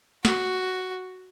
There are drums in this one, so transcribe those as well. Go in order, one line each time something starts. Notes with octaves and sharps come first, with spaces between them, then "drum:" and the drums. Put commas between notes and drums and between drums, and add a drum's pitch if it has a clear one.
F#4, drum: snare